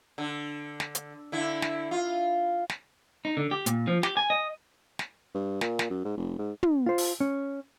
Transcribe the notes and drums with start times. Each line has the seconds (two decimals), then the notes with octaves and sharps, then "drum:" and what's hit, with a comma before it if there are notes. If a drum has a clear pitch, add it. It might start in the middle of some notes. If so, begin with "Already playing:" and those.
0.18 D3
0.80 drum: snare
0.95 drum: hi-hat
1.32 D3 E4
1.62 drum: snare
1.91 F4
2.69 drum: snare
3.25 D#4
3.37 D3
3.51 G4
3.66 A#2, drum: hi-hat
3.88 F3
4.03 G4, drum: snare
4.17 G#5
4.30 D#5
4.99 drum: snare
5.34 G2
5.61 A#2, drum: snare
5.79 drum: snare
5.90 F#2
6.05 G#2
6.17 F1
6.38 G#2
6.63 drum: tom
6.86 F4 C5
6.98 drum: open hi-hat
7.20 C#4